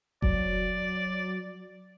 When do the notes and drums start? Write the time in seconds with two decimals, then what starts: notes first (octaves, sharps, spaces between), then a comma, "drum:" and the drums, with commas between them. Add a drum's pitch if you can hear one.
0.22 F#3 D5, drum: kick F1